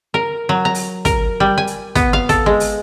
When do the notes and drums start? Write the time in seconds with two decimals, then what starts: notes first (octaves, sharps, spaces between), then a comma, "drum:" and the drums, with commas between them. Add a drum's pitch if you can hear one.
0.14 A#4
0.49 F#3
0.65 A#5
0.75 drum: open hi-hat
1.05 A#4, drum: kick, hi-hat
1.40 G3
1.58 G#5
1.67 drum: hi-hat
1.95 B3, drum: kick, hi-hat
2.13 F5
2.29 A4, drum: kick, hi-hat
2.46 G#3
2.60 drum: open hi-hat